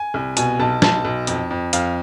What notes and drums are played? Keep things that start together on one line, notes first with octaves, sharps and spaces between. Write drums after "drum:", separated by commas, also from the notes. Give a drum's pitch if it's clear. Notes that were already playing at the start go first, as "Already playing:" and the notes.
Already playing: G#5
C2
B2 G#5, drum: hi-hat
B1 A5
B1 A5, drum: snare
B1
F2, drum: hi-hat
F2
F2 F5, drum: hi-hat